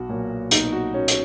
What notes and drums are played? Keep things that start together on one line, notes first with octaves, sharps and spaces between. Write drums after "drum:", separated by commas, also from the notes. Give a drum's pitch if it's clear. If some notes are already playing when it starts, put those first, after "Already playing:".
Already playing: B1 F#4
A#2 F#3
B1 D#4, drum: hi-hat
F#4
A#2 F#3 C#4
drum: hi-hat